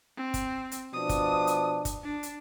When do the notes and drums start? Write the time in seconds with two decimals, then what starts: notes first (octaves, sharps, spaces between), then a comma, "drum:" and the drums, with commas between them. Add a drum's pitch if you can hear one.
0.17 C4
0.34 drum: kick, hi-hat
0.72 drum: hi-hat
0.93 B2 F3 D4 D#6
1.09 drum: kick, hi-hat
1.47 drum: hi-hat
1.85 drum: kick, hi-hat
2.04 D4
2.23 drum: hi-hat